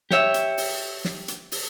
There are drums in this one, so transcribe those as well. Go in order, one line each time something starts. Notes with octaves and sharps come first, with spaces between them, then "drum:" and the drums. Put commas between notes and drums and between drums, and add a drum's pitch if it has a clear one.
G4 C#5 E5, drum: snare
drum: hi-hat
drum: open hi-hat
drum: snare
drum: hi-hat
drum: open hi-hat